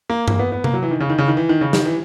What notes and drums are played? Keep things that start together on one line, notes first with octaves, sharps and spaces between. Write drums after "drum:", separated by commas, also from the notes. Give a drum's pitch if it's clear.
A#3
A#3, drum: tom G2
B3
B3
A#3, drum: tom C3
F#3
E3
D#3
C#3
D#3
C#3
D#3
E3
D#3
C#3
D#3, drum: snare
E3